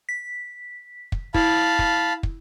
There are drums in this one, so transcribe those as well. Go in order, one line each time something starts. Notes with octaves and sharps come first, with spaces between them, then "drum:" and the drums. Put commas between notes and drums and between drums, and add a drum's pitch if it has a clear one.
B6
drum: kick
E4 F5 A5 B5, drum: kick
drum: kick
drum: kick